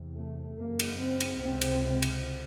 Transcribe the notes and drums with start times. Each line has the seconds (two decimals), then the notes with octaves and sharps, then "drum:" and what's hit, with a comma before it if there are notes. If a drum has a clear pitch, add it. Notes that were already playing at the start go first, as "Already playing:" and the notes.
Already playing: E2 C3
0.18 A3
0.59 F#2 C#3 A#3
0.79 drum: cymbal
1.00 C4
1.20 drum: cymbal
1.41 C#2 C3 C4
1.61 drum: cymbal
2.02 drum: cymbal